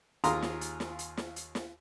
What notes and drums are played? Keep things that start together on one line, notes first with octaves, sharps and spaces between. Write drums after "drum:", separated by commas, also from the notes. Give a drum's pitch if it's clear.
D#2 F4 G#4 A#5 C6 D#6, drum: hi-hat
drum: snare
drum: hi-hat
drum: snare
drum: hi-hat
drum: snare
drum: hi-hat
drum: snare